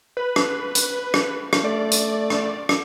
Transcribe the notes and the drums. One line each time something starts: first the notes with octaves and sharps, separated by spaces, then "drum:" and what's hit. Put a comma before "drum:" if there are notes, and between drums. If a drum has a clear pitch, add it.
B4
drum: rim click
drum: hi-hat
drum: rim click
drum: rim click
A3 D5
drum: hi-hat
drum: rim click
drum: rim click